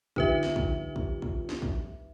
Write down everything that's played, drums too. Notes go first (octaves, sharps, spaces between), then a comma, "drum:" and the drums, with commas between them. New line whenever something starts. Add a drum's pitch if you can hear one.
D3 D#4 F4 G4 B4 E5, drum: kick
drum: snare
drum: kick
drum: kick
drum: kick
drum: snare
drum: kick